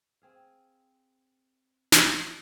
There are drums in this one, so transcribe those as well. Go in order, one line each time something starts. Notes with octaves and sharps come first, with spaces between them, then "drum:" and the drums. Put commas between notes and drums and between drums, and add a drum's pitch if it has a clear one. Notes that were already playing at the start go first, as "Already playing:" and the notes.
C4 G#4 F5
drum: snare